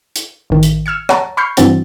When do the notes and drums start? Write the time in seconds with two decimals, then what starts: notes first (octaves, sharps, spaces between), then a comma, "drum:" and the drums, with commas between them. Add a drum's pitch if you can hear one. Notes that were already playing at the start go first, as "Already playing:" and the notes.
0.16 drum: hi-hat
0.50 A1 D#3
0.63 drum: hi-hat
0.86 E6 F6 G#6 C#7
1.09 C#5 F#5 A5 A#5, drum: rim click
1.37 B5 C#6 F6 G6 C7
1.57 G2 E3 C4 F#4 A6, drum: hi-hat